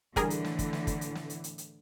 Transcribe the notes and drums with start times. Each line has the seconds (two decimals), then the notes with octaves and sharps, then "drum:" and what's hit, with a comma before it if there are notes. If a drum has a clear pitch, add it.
0.16 A2 D3 E3 G3 G#4 A#4, drum: kick, hi-hat
0.30 drum: hi-hat
0.44 drum: snare
0.59 drum: kick, hi-hat
0.73 drum: snare
0.87 drum: kick, hi-hat
1.01 drum: hi-hat
1.15 drum: snare
1.30 drum: hi-hat
1.44 drum: hi-hat
1.58 drum: hi-hat